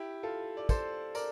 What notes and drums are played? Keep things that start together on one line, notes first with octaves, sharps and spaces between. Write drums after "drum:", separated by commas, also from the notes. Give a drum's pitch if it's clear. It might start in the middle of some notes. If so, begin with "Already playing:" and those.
Already playing: E4 G4
F4 A4
D5
A4 C5, drum: kick, tambourine
A#4 D5, drum: tambourine